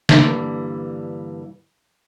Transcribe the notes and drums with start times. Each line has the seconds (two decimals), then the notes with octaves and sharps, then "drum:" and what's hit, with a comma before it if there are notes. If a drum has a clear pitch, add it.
0.09 G2 D3 E3 G3 A#3, drum: snare